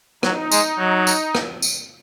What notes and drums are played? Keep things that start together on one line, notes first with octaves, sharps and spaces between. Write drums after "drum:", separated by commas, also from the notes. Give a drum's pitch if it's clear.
F#3 D#4, drum: rim click
G#3, drum: tambourine
F#3
drum: tambourine
drum: rim click
drum: tambourine